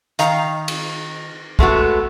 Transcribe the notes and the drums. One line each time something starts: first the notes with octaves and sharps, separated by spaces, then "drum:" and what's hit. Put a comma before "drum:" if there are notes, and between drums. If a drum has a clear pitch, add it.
D#3 F5 A#5, drum: hi-hat
drum: cymbal
G#3 A3 B3 F#4, drum: kick